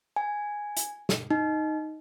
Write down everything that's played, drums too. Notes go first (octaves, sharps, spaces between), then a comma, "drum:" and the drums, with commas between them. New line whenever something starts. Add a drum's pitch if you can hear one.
G#5
drum: hi-hat
drum: snare
D#4